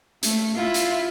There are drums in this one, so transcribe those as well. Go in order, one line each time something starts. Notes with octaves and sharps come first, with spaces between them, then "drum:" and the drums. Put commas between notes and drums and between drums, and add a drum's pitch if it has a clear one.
A3, drum: hi-hat
E4 F4
drum: hi-hat